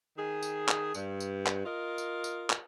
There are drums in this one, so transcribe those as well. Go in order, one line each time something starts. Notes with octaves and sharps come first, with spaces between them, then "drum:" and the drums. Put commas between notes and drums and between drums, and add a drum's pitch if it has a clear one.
D#3 G#4
drum: tambourine
drum: clap
G2, drum: tambourine
drum: tambourine
drum: clap
F4 A#4 D#5
drum: tambourine
drum: tambourine
drum: clap